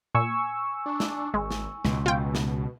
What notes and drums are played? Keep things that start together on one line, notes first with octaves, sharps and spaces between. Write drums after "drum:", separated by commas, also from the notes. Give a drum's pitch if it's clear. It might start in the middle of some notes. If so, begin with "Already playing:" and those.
A#2 G#5 C#6 E6
D4
drum: snare
G#1 G#3
drum: snare
C#2 B2, drum: snare
B2 F4 G5
drum: snare